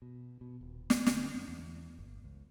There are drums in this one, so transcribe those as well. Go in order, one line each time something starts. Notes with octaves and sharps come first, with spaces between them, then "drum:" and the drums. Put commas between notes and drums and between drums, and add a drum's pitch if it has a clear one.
B2
B2
D#1
drum: snare
D3, drum: snare
F2
E2
G1
C#2